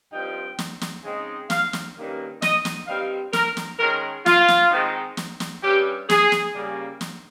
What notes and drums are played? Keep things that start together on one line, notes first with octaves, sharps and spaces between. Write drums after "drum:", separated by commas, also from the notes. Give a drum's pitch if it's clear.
G2 F3 C4 D#4 G5
drum: snare
drum: snare
C#3 G#3 C4 D#4
F5, drum: snare
drum: snare
G2 D#3 G3 A#3 C#4
D#5, drum: snare
drum: snare
G2 G3 C4 D#4 F5
A#4, drum: snare
drum: snare
D#3 G#3 C#4 A#4
F4, drum: snare
drum: snare
D#3 G#3 C4 D#4
drum: snare
drum: snare
G2 G3 C#4 G4
G#4, drum: snare
drum: snare
C#3 G3 A#3
drum: snare